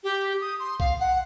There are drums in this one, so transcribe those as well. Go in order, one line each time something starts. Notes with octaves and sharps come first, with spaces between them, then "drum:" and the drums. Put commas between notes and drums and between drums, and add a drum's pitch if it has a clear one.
G4
D#6
C6
F5, drum: kick
F#5